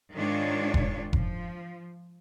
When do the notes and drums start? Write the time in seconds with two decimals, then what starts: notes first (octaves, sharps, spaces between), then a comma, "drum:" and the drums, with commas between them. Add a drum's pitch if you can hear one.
0.14 G#2 D#3 G#3 D4 F4 C#5
0.74 drum: kick F1
1.13 F3, drum: kick F1